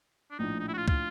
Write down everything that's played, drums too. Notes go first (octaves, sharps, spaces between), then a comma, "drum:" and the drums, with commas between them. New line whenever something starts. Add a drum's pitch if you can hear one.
D4
A#1 A2 F3 D#4
D#4
E4
F#4
F4
F4, drum: kick